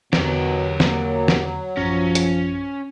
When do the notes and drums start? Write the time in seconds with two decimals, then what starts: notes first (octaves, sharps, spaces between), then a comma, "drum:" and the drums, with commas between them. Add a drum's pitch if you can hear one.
0.13 E2 B2 D3 F#3 G4 A#4, drum: snare
0.80 A#3, drum: snare
1.28 drum: snare
1.77 A1 F#2 F3 C#4 A#6
2.15 drum: hi-hat